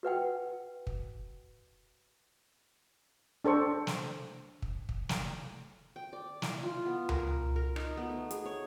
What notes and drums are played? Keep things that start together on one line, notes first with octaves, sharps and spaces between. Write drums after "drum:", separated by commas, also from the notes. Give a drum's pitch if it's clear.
F#4 B4 F#5 G5
drum: kick
D4 A4 C5 C#6
drum: snare
drum: kick
drum: kick
drum: snare
G5
D5
E4, drum: snare
F4
B3
A#4, drum: tom C#2
A#4
D#4, drum: rim click
B3
A3
G#4, drum: hi-hat
C#5